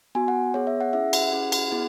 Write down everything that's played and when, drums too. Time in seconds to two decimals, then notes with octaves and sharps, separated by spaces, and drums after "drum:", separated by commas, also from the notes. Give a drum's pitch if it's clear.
0.15 B3 F#4 G#5
0.28 F#5
0.54 B3 G#4 C#5
0.67 E5
0.81 F#5
0.93 C#4 E4 G#4 E5
1.13 F#5, drum: cymbal
1.33 C#4 E4 G#4
1.52 drum: cymbal
1.72 B3 E4 G#4